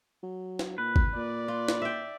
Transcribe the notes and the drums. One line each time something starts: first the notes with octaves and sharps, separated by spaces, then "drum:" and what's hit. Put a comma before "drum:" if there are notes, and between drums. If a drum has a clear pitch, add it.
F#3
drum: snare
A#2 B4
drum: kick
A#2 D5
F4
drum: snare
E5 G5